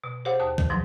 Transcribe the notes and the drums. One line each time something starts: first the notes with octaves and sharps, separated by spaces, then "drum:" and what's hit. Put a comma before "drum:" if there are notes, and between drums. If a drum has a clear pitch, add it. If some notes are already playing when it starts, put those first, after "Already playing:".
B2
G4 G#4 C5 C#5 F5 F#5
D#2 A5 D#6
D#3, drum: kick
G#2 B2 F3 F#3